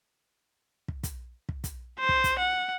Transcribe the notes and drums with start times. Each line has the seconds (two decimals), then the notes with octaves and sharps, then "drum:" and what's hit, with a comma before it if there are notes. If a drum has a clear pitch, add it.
0.88 drum: kick
1.03 drum: kick, hi-hat
1.49 drum: kick
1.64 drum: kick, hi-hat
1.99 C5
2.09 drum: kick
2.24 drum: kick, hi-hat
2.39 F#5